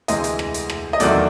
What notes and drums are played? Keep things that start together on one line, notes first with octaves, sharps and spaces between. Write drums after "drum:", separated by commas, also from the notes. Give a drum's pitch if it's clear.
D2 C3 E3 G#3 D#5, drum: hi-hat
drum: hi-hat
drum: rim click
drum: hi-hat
drum: rim click
D#5
E2 C3 D#3 F#3 A3 D5, drum: hi-hat